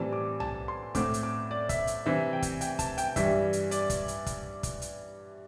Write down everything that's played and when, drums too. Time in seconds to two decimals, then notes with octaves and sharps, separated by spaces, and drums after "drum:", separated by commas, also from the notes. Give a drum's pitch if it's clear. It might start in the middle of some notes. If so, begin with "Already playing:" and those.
Already playing: A2 E3 G3 C4 A5
0.13 D6
0.40 A5, drum: tom B1
0.68 C6
0.95 A2 A3 C4 D6, drum: kick, hi-hat
1.14 drum: hi-hat
1.23 D6
1.51 D5
1.69 E5, drum: kick, hi-hat
1.87 drum: hi-hat
2.06 C3 E3 C4 E5
2.33 G5
2.42 drum: kick, hi-hat
2.61 G5, drum: hi-hat
2.79 A5, drum: kick, hi-hat
2.98 G5, drum: hi-hat
3.16 G2 E3 G3 E5, drum: kick, hi-hat
3.53 drum: hi-hat
3.71 D5, drum: hi-hat
3.90 drum: kick, hi-hat
4.08 drum: hi-hat
4.26 drum: kick, hi-hat
4.63 drum: kick, hi-hat
4.82 drum: hi-hat